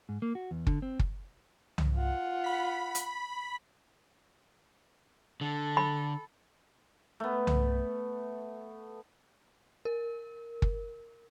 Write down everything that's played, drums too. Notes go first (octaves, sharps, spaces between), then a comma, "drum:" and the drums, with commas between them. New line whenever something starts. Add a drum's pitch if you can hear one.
G#2
A#3
F#4
E2
D3, drum: kick
C4
drum: kick
drum: tom C2
F4 F#5
B5 B6
drum: hi-hat
D3 A4
B5
A3 B3
drum: tom C2
A#4
drum: kick